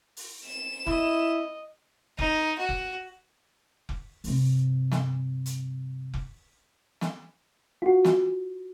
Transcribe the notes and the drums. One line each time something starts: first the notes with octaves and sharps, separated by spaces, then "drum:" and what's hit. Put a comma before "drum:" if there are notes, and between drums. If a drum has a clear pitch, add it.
drum: open hi-hat
E7
E4 D#5, drum: kick F1
D#4, drum: kick F1
F#4
drum: kick F1
drum: kick F1
G2 C3, drum: open hi-hat
drum: snare
drum: hi-hat
drum: kick F1
drum: snare
F4 F#4
drum: snare